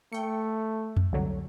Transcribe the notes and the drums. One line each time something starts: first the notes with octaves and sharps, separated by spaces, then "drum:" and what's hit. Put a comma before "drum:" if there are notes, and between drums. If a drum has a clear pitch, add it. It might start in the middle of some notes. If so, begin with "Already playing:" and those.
A3 G5 C#7
drum: tom F2
C2 D3 F#3